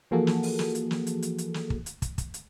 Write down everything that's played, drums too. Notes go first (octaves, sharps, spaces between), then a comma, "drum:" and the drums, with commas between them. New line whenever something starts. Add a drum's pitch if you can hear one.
E3 F3 A#3 F#4 G#4 A4
drum: snare
drum: open hi-hat
drum: snare
drum: hi-hat
drum: snare
drum: hi-hat
drum: hi-hat
drum: hi-hat
drum: snare
drum: kick
drum: hi-hat
drum: kick, hi-hat
drum: kick, hi-hat
drum: hi-hat